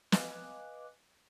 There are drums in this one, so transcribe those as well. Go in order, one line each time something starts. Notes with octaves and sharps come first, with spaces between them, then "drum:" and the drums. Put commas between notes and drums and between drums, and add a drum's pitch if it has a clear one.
B4 D#5 F5 G#5 D6 F#6, drum: snare